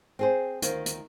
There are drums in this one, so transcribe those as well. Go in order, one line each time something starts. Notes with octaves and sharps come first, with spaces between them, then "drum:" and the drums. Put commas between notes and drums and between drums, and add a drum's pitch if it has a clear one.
C4 G#4 C5
D2 D#3 F4 C5, drum: hi-hat
drum: hi-hat